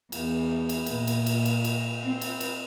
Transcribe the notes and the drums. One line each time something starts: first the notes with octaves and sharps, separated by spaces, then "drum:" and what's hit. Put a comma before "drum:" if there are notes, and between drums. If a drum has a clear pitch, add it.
E2, drum: cymbal
drum: cymbal
A#2, drum: cymbal
drum: cymbal
drum: cymbal
drum: cymbal
drum: cymbal
C4
drum: cymbal
drum: cymbal